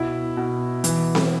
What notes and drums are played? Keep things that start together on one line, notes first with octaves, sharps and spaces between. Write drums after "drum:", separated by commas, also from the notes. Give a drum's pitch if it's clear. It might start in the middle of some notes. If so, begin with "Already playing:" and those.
Already playing: B2 E4
B2
E3, drum: hi-hat
drum: snare C4